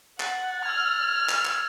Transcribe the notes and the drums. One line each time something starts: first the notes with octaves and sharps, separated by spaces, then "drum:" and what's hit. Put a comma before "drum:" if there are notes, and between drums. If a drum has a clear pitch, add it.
F#5 F#6 A6, drum: clap
E6 F6 G#6
drum: clap
drum: clap